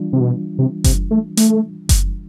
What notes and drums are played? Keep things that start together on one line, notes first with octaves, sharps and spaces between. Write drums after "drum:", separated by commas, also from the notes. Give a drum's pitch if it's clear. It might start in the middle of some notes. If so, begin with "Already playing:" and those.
Already playing: E3 G3 D4 F4
C3
B2
C3
C3, drum: kick F#1, hi-hat
A3
A3, drum: hi-hat
drum: kick F#1, hi-hat